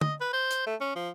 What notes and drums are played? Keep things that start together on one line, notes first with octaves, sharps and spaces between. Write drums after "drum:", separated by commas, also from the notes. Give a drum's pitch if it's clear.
D#5, drum: tom
B4
C5
drum: hi-hat
A3
C#4
F3